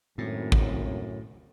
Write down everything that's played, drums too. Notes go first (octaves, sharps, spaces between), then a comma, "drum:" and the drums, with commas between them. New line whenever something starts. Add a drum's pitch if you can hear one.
G#1 F#2 A2
drum: kick